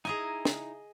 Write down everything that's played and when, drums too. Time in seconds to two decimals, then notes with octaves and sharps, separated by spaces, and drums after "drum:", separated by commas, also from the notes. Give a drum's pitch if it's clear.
0.05 D#4 E4 G#4 D#5 G#5 A#5
0.45 drum: snare